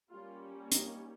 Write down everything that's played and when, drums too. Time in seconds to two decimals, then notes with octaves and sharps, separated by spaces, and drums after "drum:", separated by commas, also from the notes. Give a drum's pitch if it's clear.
0.11 G3 A#3 C#4 F4
0.72 D#4, drum: hi-hat